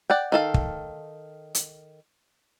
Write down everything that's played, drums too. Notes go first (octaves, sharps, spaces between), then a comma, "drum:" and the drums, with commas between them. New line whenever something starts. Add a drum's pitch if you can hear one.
D5 F#5 G5
D#3 A4 F5
drum: kick
drum: hi-hat